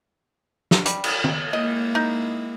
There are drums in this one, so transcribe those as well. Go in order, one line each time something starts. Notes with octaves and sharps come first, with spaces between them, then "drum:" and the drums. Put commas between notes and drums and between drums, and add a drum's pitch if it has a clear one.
drum: snare
G3, drum: hi-hat
drum: cymbal
drum: tom
G#3 A#3 E4 D#5
D#4